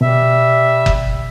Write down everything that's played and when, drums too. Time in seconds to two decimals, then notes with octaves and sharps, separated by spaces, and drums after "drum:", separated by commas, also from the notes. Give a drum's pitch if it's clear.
0.01 B2 G3 E5
0.86 drum: kick F#1